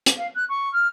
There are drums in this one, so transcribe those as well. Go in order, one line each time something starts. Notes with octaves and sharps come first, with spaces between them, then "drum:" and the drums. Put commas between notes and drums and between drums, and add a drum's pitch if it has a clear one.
drum: hi-hat
F5
F#6
C#6
F6